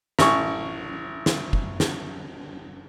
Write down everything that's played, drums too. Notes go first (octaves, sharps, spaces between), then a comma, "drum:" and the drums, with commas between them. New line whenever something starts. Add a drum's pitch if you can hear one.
A1 C#6, drum: snare
drum: snare
drum: kick
drum: snare